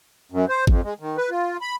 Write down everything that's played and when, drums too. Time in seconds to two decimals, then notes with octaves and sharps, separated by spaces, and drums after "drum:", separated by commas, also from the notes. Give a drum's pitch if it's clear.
0.32 F#2
0.49 C5
0.67 F2, drum: kick G#1
0.84 G#3
1.00 D#3
1.17 B4
1.30 F4
1.61 B5